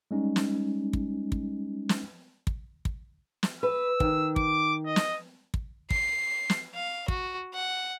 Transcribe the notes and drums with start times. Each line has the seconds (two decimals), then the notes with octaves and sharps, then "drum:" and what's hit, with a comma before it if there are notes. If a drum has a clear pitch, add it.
0.11 G3 G#3 C#4 D#4
0.36 drum: snare
0.93 drum: kick
1.32 drum: kick
1.89 drum: snare
2.47 drum: kick
2.85 drum: kick
3.43 drum: snare
3.63 B4 E6
4.00 D#3, drum: kick
4.36 D6, drum: kick
4.86 D#5
4.96 drum: snare
5.54 drum: kick
5.90 C7, drum: kick
6.50 drum: snare
6.75 F5
7.08 F#4, drum: kick
7.54 F#5